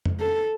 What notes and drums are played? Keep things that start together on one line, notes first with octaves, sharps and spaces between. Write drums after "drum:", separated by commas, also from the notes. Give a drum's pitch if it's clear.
drum: tom F2
A4